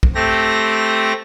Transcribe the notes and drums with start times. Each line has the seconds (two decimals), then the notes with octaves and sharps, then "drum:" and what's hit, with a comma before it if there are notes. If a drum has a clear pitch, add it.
0.03 drum: kick
0.15 A3 C4 G4 A#6